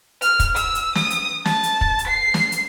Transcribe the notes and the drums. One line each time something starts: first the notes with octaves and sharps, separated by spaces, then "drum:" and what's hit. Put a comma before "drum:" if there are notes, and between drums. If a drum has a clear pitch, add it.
F6, drum: hi-hat
drum: kick, hi-hat
E6, drum: hi-hat
drum: hi-hat
D#6, drum: snare
drum: hi-hat
A5, drum: snare
drum: hi-hat
drum: kick
drum: hi-hat
C7
drum: snare
drum: hi-hat